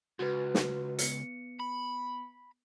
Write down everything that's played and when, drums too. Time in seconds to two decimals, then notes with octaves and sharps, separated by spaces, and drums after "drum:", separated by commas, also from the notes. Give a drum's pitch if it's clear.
0.19 C#2 F#4 B4
0.55 drum: snare
0.99 B3 C#7, drum: hi-hat
1.60 B5